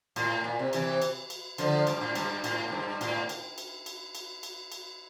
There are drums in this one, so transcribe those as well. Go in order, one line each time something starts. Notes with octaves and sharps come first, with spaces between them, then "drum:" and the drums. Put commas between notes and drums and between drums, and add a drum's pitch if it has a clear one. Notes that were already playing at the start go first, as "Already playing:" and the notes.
A2, drum: cymbal
A#2
C3
C3 E3, drum: cymbal
drum: cymbal
drum: cymbal
D3 F3, drum: cymbal
G2, drum: cymbal
A2
G2, drum: cymbal
A2, drum: cymbal
A2
G2
A2, drum: cymbal
drum: cymbal
drum: cymbal
drum: cymbal
drum: cymbal
drum: cymbal
drum: cymbal